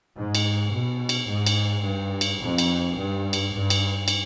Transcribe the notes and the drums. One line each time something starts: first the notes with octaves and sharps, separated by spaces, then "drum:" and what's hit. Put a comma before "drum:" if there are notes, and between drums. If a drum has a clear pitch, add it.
G#2
drum: cymbal
B2
drum: cymbal
G#2
drum: cymbal
G2
drum: cymbal
F2
drum: cymbal
G2
drum: cymbal
G2
drum: cymbal
drum: cymbal